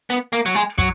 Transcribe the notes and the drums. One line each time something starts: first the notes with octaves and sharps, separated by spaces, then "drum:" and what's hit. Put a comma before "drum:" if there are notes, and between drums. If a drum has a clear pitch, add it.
B3
A#3
F#3
G#3
F#3, drum: kick